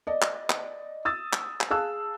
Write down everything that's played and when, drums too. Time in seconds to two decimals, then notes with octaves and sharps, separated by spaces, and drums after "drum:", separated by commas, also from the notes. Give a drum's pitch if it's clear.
0.07 D5 D#5
0.22 drum: clap
0.50 drum: clap
1.05 D#6 E6 A6
1.33 drum: clap
1.61 drum: clap
1.70 G#4 F5 A5 E6 F#6